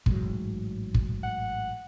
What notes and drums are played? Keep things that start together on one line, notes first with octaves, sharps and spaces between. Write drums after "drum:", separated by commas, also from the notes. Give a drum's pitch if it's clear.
A1 G#2 F#3, drum: kick
drum: kick
F#5